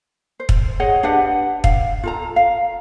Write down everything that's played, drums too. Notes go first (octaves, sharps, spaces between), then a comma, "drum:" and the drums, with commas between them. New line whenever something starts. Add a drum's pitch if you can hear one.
C5
drum: kick
G#4 C#5 D#5 F#5
D4 G4 B4 F#5
F5, drum: kick
F4 A4 A#5
F5